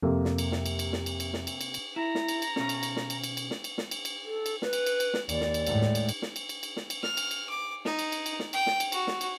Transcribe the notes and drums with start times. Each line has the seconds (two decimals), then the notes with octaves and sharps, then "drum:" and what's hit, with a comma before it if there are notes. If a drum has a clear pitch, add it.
0.03 F2 C3 A#3 A4
0.25 drum: snare
0.38 drum: cymbal
0.52 drum: snare
0.66 drum: cymbal
0.79 drum: cymbal
0.93 drum: snare
1.06 drum: cymbal
1.20 drum: cymbal
1.33 drum: snare
1.47 drum: cymbal
1.61 drum: cymbal
1.74 drum: cymbal
1.96 E4 A#5
2.15 drum: snare
2.28 drum: cymbal
2.42 drum: cymbal
2.56 B2 C#4, drum: snare
2.69 drum: cymbal
2.83 drum: cymbal
2.96 drum: snare
3.10 drum: cymbal
3.24 drum: cymbal
3.37 drum: cymbal
3.51 drum: snare
3.64 drum: cymbal
3.78 drum: snare
3.91 drum: cymbal
4.05 drum: cymbal
4.25 A4
4.46 drum: cymbal
4.62 B4, drum: snare
4.73 drum: cymbal
4.86 drum: cymbal
5.00 drum: cymbal
5.14 drum: snare
5.29 D#2 D5, drum: cymbal
5.41 drum: snare
5.54 drum: cymbal
5.67 A2 G#3, drum: cymbal
5.81 drum: snare
5.95 drum: cymbal
6.09 drum: cymbal
6.22 drum: snare
6.36 drum: cymbal
6.49 drum: cymbal
6.63 drum: cymbal
6.76 drum: snare
6.90 drum: cymbal
7.03 F6, drum: snare
7.17 drum: cymbal
7.31 drum: cymbal
7.50 D6
7.85 D#4, drum: snare
7.99 drum: cymbal
8.12 drum: cymbal
8.26 drum: cymbal
8.39 drum: snare
8.53 G5, drum: cymbal
8.67 drum: snare
8.80 drum: cymbal
8.92 F#4, drum: cymbal
9.07 drum: snare
9.21 drum: cymbal